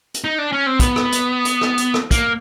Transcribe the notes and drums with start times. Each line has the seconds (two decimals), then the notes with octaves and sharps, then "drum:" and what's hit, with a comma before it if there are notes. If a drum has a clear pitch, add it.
0.14 drum: hi-hat
0.24 D#4
0.38 D4
0.52 C#4
0.66 C4
0.80 B3, drum: kick, hi-hat
0.96 drum: rim click
1.12 drum: hi-hat
1.45 drum: hi-hat
1.61 drum: rim click
1.78 drum: hi-hat
1.94 drum: rim click
2.11 A#3, drum: kick, hi-hat